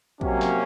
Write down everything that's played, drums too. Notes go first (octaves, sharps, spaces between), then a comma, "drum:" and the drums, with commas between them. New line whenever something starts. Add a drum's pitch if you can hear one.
C3 F#3 A#3 C#4, drum: kick
drum: snare